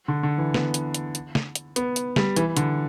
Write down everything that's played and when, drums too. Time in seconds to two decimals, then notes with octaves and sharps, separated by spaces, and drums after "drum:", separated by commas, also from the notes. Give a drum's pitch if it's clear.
0.08 D3
0.23 D3
0.38 E3
0.54 B3, drum: snare
0.74 drum: hi-hat
0.94 drum: hi-hat
1.15 drum: hi-hat
1.35 drum: snare
1.55 drum: hi-hat
1.76 B3, drum: hi-hat
1.96 drum: hi-hat
2.16 G3, drum: snare
2.36 E3, drum: hi-hat
2.57 D3, drum: hi-hat